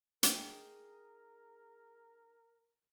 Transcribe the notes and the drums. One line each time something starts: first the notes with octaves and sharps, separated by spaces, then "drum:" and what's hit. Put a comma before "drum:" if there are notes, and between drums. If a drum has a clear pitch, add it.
D#4 G#4 A#4 D#5 G5 G#5 A#5, drum: hi-hat